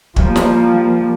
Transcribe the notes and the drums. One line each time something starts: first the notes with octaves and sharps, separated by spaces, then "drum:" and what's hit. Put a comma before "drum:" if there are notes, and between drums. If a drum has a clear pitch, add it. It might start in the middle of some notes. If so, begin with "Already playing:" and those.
F3 G3 A#3, drum: kick
drum: snare